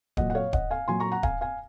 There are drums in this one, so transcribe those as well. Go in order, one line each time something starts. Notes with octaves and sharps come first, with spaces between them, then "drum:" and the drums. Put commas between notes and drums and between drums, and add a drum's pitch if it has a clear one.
A#2 F#3 D#5 F#5, drum: kick D1
F#5
C#5 F5
D#5 F#5, drum: kick D1
F5 G#5
A#2 F#3 G#5 C6
A#5 C#6
F#5 A#5
F5 G#5, drum: kick D1
F5 G#5